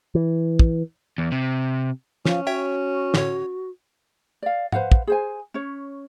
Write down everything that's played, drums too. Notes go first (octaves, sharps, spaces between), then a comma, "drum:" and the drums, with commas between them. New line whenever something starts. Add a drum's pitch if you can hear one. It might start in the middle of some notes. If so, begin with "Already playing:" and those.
E3
drum: kick
E2
C3
F3 C#4, drum: snare
F#4 C#5 E5 G5
A2 D3 C#5, drum: snare
D5 F5
B4 C5 F5 F#5, drum: tom G#2
drum: kick
G#4 C5 G#5
C#4 C#5